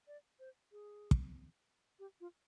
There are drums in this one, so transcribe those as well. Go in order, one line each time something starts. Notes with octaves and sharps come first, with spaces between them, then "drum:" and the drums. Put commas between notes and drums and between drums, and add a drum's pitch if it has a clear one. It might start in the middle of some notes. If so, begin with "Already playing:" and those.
D5
C5
G#4
drum: kick
G4
F4